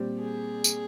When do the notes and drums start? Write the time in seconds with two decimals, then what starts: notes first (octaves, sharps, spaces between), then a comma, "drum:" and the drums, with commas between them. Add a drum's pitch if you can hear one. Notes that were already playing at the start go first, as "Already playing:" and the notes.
Already playing: A#2 G3 C4 G4
0.19 G#4
0.64 drum: tambourine